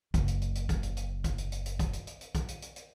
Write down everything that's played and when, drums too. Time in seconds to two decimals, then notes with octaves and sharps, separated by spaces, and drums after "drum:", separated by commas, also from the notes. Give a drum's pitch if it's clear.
0.14 F#1 C#3, drum: kick A#1, hi-hat
0.28 drum: hi-hat
0.42 drum: hi-hat
0.55 drum: hi-hat
0.69 drum: kick A#1, hi-hat
0.83 drum: hi-hat
0.97 drum: hi-hat
1.24 drum: kick A#1, hi-hat
1.38 drum: hi-hat
1.52 drum: hi-hat
1.66 drum: hi-hat
1.79 drum: kick A#1, hi-hat
1.93 drum: hi-hat
2.07 drum: hi-hat
2.21 drum: hi-hat
2.35 drum: kick A#1, hi-hat
2.48 drum: hi-hat
2.62 drum: hi-hat
2.76 drum: hi-hat